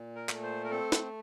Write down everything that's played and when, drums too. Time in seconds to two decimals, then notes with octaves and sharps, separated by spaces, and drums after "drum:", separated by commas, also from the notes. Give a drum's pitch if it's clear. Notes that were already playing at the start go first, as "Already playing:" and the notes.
Already playing: A#2
0.15 A#4
0.29 A3, drum: clap
0.43 C5
0.64 A#4
0.70 C4 A4
0.92 drum: snare